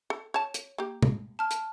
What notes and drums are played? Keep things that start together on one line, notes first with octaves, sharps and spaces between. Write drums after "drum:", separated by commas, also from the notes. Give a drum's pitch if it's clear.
A4
C#5 A5
drum: hi-hat
A#3 G4
drum: tom B2
A5 F6
drum: hi-hat